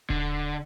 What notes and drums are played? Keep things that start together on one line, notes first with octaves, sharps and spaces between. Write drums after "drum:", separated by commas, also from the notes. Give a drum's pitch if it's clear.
D3, drum: kick D#1